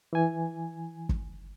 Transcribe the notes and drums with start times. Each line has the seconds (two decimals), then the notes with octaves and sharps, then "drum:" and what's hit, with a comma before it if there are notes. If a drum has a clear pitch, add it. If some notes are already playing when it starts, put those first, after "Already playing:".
0.13 E3 G#5
1.09 drum: kick